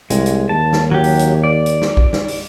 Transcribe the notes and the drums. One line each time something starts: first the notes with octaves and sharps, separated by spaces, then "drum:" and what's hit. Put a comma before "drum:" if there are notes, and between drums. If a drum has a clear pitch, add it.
C2 G#3, drum: hi-hat
drum: hi-hat
D#2 A5
drum: snare
F#3 G4
drum: open hi-hat
drum: hi-hat
D5
drum: hi-hat
drum: snare
drum: kick A#1
drum: snare
drum: open hi-hat